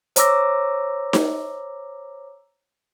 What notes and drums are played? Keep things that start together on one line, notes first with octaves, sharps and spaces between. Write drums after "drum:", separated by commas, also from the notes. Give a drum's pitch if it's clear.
C5 C#5 A#5 D6 E6 A#6, drum: hi-hat
drum: snare D#4